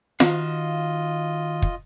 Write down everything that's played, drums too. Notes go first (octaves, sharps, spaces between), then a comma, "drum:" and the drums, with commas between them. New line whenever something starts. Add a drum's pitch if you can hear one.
D#3 F4 F#4 D#5 F5, drum: snare F4
drum: kick